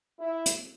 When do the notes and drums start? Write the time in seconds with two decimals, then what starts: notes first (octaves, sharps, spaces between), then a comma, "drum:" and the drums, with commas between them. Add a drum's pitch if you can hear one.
0.19 E4
0.46 drum: hi-hat